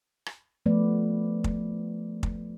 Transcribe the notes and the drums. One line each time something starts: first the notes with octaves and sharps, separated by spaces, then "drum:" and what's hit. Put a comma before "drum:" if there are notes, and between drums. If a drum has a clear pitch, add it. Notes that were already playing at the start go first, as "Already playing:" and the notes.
drum: rim click
F3 A3 B3 B4 D5
drum: kick
drum: kick